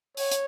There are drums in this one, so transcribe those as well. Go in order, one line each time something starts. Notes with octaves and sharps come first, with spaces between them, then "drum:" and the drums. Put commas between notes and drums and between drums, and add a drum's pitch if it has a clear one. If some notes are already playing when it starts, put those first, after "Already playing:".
C#5, drum: open hi-hat
drum: hi-hat